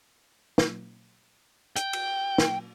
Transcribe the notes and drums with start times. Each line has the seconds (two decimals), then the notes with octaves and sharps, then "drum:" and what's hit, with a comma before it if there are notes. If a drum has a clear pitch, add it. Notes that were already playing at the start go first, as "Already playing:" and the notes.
0.58 drum: snare
1.76 G5, drum: hi-hat
1.93 drum: cymbal
2.38 drum: snare